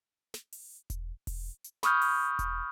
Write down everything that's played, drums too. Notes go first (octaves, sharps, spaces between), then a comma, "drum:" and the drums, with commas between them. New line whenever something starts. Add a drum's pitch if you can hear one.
drum: snare
drum: open hi-hat
drum: kick E1, hi-hat
drum: kick E1, open hi-hat
drum: hi-hat
B5 C#6 D#6 F6 G6, drum: snare
drum: open hi-hat
drum: kick E1, hi-hat